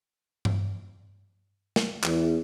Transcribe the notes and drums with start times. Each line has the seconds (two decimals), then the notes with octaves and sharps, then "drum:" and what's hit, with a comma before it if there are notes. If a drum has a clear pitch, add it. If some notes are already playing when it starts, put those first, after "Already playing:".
0.45 drum: tom G2
1.76 drum: snare
2.04 E2, drum: clap